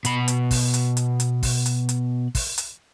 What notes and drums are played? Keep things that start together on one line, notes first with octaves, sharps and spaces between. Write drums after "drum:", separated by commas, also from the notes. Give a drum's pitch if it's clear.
B2 B5, drum: hi-hat
drum: hi-hat
drum: kick, open hi-hat
drum: hi-hat
drum: hi-hat
drum: hi-hat
drum: kick, open hi-hat
drum: hi-hat
drum: hi-hat
drum: kick, open hi-hat
drum: hi-hat